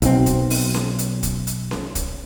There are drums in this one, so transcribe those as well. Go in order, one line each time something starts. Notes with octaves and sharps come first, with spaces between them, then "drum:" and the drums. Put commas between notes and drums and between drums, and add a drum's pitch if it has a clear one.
B1 C4, drum: hi-hat
drum: kick, hi-hat
drum: open hi-hat
drum: snare C#4
drum: hi-hat
drum: kick, hi-hat
drum: hi-hat
drum: snare C#4
drum: kick, hi-hat